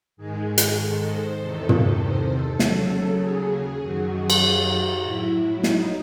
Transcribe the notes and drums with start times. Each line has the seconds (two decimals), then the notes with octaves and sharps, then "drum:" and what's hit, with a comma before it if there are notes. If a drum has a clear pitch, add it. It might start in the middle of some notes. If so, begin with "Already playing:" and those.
0.17 G#2 D#3 G#3 G#4
0.48 G#4
0.58 drum: hi-hat
0.78 A4
1.08 C5
1.39 E2 C3 D#3 A4
1.69 A4, drum: tom
2.00 C5
2.29 A4
2.59 D#2 C#3 F#3, drum: snare
3.20 G#4
3.80 F#2 D#3 F#3 F#4
4.12 G#4
4.30 drum: cymbal
4.42 F#4
5.02 A2 F#3 E4
5.63 D#4, drum: snare